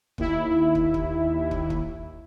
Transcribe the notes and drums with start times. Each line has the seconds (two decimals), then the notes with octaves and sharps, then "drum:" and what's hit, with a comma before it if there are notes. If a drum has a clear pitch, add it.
0.18 D#2 E4, drum: kick
0.75 drum: kick
0.94 drum: kick
1.51 drum: kick
1.70 drum: kick